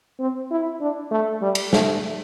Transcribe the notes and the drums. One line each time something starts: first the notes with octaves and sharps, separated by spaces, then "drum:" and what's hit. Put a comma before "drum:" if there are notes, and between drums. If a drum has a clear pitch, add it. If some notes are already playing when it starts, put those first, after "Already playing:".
C4
E4
D4
A3
G3
drum: cymbal
A3, drum: snare